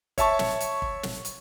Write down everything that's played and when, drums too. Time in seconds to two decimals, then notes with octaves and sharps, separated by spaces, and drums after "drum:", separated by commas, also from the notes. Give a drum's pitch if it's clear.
0.18 C#5 E5 A5 C#6, drum: kick, hi-hat
0.39 drum: snare
0.60 drum: hi-hat
0.82 drum: kick
1.03 drum: snare
1.25 drum: hi-hat